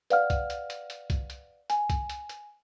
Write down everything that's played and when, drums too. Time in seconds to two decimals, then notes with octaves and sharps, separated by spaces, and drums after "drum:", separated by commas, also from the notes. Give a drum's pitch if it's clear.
0.10 B4 D5 F5 F#5 F6, drum: hi-hat
0.30 drum: kick B1, hi-hat
0.50 drum: hi-hat
0.70 drum: hi-hat
0.90 drum: hi-hat
1.10 drum: kick B1, hi-hat
1.30 drum: hi-hat
1.70 G#5, drum: hi-hat
1.90 drum: kick B1, hi-hat
2.10 drum: hi-hat
2.29 drum: hi-hat